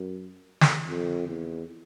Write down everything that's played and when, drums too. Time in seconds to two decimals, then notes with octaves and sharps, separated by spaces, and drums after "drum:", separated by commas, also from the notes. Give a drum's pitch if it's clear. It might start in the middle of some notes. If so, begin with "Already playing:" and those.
Already playing: F#2
0.61 drum: snare
0.88 F2
1.28 E2